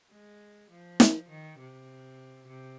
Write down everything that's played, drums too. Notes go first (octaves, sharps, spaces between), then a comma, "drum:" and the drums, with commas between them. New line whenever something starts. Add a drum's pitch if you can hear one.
G#3
F3
drum: snare
D#3
C3
C3